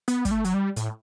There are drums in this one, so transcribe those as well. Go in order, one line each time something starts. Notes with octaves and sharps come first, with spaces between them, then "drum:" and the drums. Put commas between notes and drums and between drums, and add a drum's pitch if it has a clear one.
B3, drum: hi-hat
G3, drum: kick, hi-hat
A3
F#3, drum: hi-hat
G3
A2, drum: hi-hat